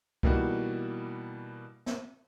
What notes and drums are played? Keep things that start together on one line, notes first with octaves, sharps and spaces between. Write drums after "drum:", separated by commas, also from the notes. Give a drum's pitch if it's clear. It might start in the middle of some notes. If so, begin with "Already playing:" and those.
B2 E3 G3 A#3 D#4 F#4, drum: kick C2
drum: snare